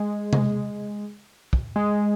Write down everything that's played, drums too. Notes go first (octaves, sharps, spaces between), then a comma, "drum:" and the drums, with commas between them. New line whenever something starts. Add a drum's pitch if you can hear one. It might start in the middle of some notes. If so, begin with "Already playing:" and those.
Already playing: G#3
G#3, drum: tom C3
drum: kick
G#3